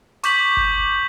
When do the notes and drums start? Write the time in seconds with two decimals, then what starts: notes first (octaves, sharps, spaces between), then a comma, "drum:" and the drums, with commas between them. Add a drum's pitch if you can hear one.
0.24 C#6 D6 G6 B6 F#7, drum: hi-hat
0.57 drum: kick F#1